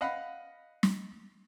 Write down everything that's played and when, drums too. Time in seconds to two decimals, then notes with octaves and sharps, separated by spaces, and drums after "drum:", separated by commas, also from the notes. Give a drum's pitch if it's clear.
0.01 D#5 F5 F#5 B5
0.83 drum: snare